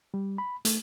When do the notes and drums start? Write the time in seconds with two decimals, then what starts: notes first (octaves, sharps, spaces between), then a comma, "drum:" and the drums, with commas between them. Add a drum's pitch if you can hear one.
0.14 G3
0.38 B5
0.65 A3, drum: hi-hat